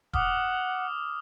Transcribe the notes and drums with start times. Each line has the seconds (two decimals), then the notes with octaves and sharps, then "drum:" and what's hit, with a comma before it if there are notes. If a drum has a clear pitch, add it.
0.13 F#5 D6 D#6 F6, drum: kick E1